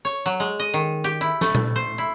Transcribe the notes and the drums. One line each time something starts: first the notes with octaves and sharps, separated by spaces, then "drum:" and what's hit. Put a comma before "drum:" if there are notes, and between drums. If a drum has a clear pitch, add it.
C#5
F#3
G#3
D#5
D#3
G4
E4
A3, drum: snare
drum: tom A#2
C5
E4